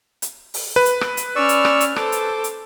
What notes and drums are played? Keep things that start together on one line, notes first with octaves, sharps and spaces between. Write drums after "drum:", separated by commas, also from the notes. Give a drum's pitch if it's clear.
drum: hi-hat
drum: open hi-hat
B4
drum: hi-hat
drum: rim click
drum: hi-hat
C#4 D5 C#6 E6 F6
drum: hi-hat
drum: rim click
drum: hi-hat
A4 C5 D6, drum: rim click
drum: hi-hat
drum: hi-hat